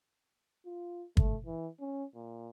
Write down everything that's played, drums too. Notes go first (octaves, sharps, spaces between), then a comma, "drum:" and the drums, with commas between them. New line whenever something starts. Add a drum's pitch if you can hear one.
F4
A3, drum: kick G1
E3
C#4
A#2